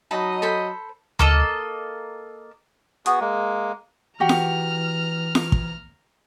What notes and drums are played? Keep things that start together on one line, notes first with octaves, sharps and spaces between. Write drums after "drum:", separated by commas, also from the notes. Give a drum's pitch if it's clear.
F#3 D#4 D#5 A5 B5
A4 C5 B5
A#3 A4 D#5, drum: tom D2
B3 F#4 G#4, drum: hi-hat
G#3 A#3
E3 F#4 G4 F#5 A#5 F6
drum: snare
drum: snare
drum: kick